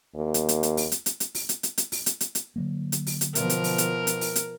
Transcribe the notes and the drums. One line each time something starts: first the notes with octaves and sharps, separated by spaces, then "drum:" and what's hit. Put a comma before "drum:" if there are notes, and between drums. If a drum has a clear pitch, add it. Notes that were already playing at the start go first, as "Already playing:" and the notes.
D#2
drum: hi-hat
drum: hi-hat
drum: hi-hat
drum: open hi-hat
drum: hi-hat
drum: hi-hat
drum: hi-hat
drum: open hi-hat
drum: hi-hat
drum: hi-hat
drum: hi-hat
drum: open hi-hat
drum: hi-hat
drum: hi-hat
drum: hi-hat
D3 F#3 A#3
drum: hi-hat
drum: open hi-hat
drum: hi-hat
B2 F3 A#4, drum: hi-hat
drum: hi-hat
drum: open hi-hat
drum: hi-hat
drum: hi-hat
drum: open hi-hat
drum: hi-hat